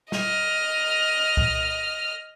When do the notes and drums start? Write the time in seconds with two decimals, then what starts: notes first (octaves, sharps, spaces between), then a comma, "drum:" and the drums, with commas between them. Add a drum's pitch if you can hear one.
0.12 D#5 F6, drum: snare
1.37 drum: kick C2